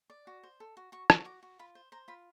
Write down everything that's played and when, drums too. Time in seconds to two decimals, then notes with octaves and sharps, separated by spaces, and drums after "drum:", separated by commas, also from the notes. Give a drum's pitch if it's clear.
0.10 D5
0.27 F#4
0.43 C5
0.60 A4
0.77 F#4
0.92 F#4 C#6
1.10 F#4, drum: rim click
1.25 F#4 D6
1.43 F#4
1.59 F4 B5
1.75 C5
1.92 C5 A#5
2.08 F4 B5